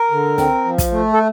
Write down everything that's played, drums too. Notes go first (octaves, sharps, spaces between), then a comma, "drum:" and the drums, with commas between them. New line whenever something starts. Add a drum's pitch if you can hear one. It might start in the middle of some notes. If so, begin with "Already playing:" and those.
Already playing: A#4
D3
C4, drum: snare
F3
drum: kick, hi-hat
A3
A4